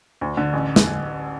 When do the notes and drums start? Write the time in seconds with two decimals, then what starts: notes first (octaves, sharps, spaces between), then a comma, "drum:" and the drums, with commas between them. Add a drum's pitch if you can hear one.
0.21 D2
0.37 D3
0.53 A1
0.76 drum: snare